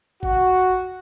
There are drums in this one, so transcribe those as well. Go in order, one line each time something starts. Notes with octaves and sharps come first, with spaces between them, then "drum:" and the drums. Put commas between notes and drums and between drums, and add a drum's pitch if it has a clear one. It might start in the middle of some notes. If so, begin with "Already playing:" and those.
F#4, drum: kick G#1